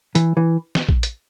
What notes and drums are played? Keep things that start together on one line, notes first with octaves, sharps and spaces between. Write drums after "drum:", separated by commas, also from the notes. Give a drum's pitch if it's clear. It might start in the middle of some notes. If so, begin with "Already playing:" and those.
E3, drum: hi-hat
E3
drum: snare
drum: kick
drum: hi-hat